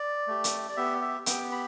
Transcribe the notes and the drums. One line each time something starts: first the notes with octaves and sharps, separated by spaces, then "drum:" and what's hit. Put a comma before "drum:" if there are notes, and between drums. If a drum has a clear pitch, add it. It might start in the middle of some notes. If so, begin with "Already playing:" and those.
Already playing: D5
A3 G4
drum: hi-hat
D5
B3 G4 E5
E5
B3 G4 G5, drum: hi-hat
B5